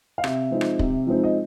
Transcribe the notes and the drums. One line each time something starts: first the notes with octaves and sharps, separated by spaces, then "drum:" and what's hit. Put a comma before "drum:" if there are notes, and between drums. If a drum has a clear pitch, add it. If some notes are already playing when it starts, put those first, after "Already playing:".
F5
C3 E5, drum: rim click
F3 G#3 C4 D#4
drum: rim click
C3, drum: kick
F3 G#3 C4 D#4
D#5